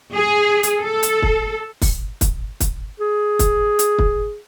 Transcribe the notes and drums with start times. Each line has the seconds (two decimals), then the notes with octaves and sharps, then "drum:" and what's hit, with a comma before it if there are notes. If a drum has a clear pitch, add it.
0.14 G#4
0.63 drum: hi-hat
0.80 A4
1.03 drum: hi-hat
1.22 drum: kick
1.82 drum: kick, open hi-hat
2.21 drum: kick, hi-hat
2.60 drum: kick, hi-hat
3.00 G#4
3.39 drum: kick, hi-hat
3.79 drum: hi-hat
3.98 drum: kick